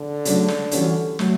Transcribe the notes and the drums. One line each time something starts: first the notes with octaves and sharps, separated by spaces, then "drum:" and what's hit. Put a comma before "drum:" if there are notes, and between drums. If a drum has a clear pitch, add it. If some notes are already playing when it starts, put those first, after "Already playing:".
Already playing: D3
C#3 F#3 A3 D4, drum: hi-hat
drum: snare
E3 G3 C#4 F#4 A4, drum: hi-hat
F#3 A3, drum: snare